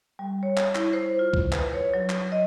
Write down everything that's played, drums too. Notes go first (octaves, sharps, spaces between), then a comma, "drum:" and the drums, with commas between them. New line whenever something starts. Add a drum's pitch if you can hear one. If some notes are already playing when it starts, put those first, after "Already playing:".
G3
C#5
drum: clap
E4, drum: clap
C5
F4
drum: kick
B4, drum: clap
C#5
F#3
drum: clap
D#5